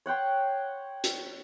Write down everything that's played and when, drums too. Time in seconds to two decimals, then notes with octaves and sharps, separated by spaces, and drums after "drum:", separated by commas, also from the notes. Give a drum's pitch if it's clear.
0.06 C#5 F#5 G5 C6
1.04 drum: hi-hat